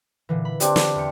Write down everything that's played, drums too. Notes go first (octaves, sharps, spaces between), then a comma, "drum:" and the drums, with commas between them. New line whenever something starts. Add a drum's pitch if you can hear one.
A#2 D3 E3
B5
G3 C4 D4, drum: hi-hat
drum: snare
E2 C#7